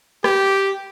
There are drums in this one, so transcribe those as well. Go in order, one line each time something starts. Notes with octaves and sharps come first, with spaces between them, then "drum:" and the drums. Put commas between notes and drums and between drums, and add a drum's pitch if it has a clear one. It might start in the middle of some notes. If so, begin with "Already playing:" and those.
G4, drum: rim click